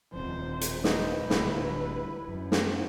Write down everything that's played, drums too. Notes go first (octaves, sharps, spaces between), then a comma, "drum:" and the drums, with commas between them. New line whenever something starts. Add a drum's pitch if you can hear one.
D#1 F2 F3 C5
drum: hi-hat
D#4 B4, drum: snare
D1 D3 G3 E4, drum: snare
F#2
drum: snare